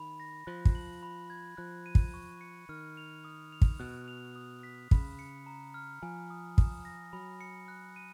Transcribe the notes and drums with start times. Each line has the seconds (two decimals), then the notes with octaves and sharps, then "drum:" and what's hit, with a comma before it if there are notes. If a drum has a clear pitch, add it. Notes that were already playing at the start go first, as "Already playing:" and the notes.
Already playing: D#3 B5
0.20 A#6
0.47 F3 F#6
0.65 drum: kick
0.75 F#7
1.03 B5
1.30 G#6
1.57 F3 F#6
1.86 D#7
1.95 drum: kick
2.14 C#6
2.41 C#7
2.69 D#3 F6
2.97 F7
3.25 D#6
3.52 F7
3.62 drum: kick
3.80 B2 F#6
4.08 F7
4.36 D#6
4.63 B6
4.91 C#3 B5, drum: kick
5.19 C#7
5.46 A#5
5.74 F6
6.02 F3 G#5
6.30 D#6
6.58 D#6, drum: kick
6.85 A#6
7.13 F#3 B5
7.41 C#7
7.68 F#6
7.96 D#7